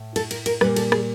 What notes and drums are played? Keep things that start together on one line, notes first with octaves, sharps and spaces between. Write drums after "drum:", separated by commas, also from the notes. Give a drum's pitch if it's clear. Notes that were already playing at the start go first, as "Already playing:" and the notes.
Already playing: A2
A4, drum: cymbal
A#4, drum: cymbal
A#4, drum: cymbal
A#2 G3 B4, drum: rim click
A4, drum: cymbal
G#4, drum: rim click